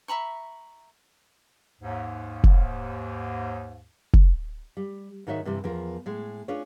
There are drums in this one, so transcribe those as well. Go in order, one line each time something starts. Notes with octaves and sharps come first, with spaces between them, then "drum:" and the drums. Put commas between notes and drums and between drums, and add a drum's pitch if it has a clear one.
E5 A#5 B5 C#6
D#2 G#2
drum: kick
drum: kick
G3
G#2 D#3 D#4 F#4 C#5 E5
G2 C3 E3 G3
E2 F3 A#4
A2 G#3
C#4 D4 F4 G#4 C#5